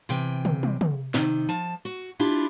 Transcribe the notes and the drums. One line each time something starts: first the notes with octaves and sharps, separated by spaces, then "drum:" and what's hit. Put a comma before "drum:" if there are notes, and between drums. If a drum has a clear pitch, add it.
C3 E3 G5
drum: tom
drum: tom
drum: tom
C3 D#3, drum: snare
F3 A5
F#4
D4 E4 F4 G4